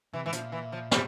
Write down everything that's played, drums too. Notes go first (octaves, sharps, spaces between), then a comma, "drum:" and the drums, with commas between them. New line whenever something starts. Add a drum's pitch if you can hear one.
C3 E3
G#2 E3
A#2 F3, drum: hi-hat
E3
F3
G3, drum: snare